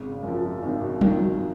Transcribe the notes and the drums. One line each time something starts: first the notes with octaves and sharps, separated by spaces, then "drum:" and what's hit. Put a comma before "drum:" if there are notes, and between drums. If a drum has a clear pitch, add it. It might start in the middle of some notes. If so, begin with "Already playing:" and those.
Already playing: G#1 C#3
F#2 F3
G#1 D#3
B2
F#2 D#3 F3, drum: tom F#3
F#3